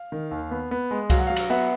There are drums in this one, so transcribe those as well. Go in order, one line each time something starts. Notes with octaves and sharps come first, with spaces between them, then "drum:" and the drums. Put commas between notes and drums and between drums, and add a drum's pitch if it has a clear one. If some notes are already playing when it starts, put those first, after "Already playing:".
Already playing: F5
D#3
D#2
B3
B3
G#3
F#3 F5, drum: kick C2, cymbal
F#5
F#3 F5
drum: cymbal
B3 E5 F#5